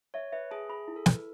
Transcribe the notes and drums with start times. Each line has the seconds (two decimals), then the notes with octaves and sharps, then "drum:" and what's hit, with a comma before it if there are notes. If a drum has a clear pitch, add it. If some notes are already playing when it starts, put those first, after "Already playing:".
0.14 C#5 E5
0.32 B4 E5
0.51 G#4 A5
0.69 G#4 B5
0.88 E4
0.96 A4
1.06 B4, drum: snare